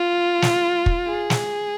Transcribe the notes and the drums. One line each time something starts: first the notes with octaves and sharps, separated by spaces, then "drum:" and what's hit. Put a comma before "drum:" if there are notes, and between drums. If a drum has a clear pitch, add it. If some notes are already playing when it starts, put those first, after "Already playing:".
Already playing: F4
drum: snare
drum: kick
G#4
drum: snare